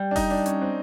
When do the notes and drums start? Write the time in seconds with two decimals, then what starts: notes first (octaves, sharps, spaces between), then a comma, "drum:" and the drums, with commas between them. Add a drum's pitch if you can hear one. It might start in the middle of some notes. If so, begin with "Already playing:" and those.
Already playing: G3
0.11 D4
0.16 D#4, drum: kick F1, open hi-hat
0.30 D4
0.46 C#4, drum: hi-hat
0.62 C4